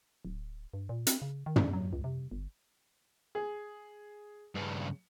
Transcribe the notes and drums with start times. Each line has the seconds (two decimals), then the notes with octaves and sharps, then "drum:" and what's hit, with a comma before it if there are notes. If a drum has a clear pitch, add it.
0.25 D1
0.74 G2
0.89 A#2
1.07 C4, drum: hi-hat
1.22 C#3
1.46 D#3
1.56 drum: tom
1.73 F#3
1.93 C#2
2.04 C3
2.31 G1
3.35 G#4
4.55 G2 C#3